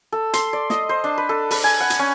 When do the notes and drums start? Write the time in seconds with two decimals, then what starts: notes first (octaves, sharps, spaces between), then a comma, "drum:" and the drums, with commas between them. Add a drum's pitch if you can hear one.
0.12 A4
0.33 C6, drum: hi-hat
0.53 D5
0.70 D#5, drum: snare
0.89 C5
1.04 D4
1.18 B4
1.29 A4
1.51 B4, drum: open hi-hat
1.64 G#5
1.80 F#5
1.90 drum: hi-hat
1.99 C#4